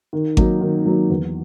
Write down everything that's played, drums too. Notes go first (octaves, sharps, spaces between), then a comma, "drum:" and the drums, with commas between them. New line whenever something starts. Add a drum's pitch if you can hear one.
D#3
F#3 A#3 D#4, drum: kick G#1
D#3
F#3 A#3 D#4
E2